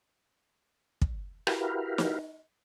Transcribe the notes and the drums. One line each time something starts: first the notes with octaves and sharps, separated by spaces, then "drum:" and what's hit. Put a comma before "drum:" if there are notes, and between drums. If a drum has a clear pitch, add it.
drum: kick
E4 F#4 G4 A#4 B4 F5, drum: rim click
drum: snare